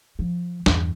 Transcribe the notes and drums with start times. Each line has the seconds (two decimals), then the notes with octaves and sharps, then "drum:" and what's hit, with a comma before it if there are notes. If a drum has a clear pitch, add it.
0.19 F3
0.66 E2 G2, drum: snare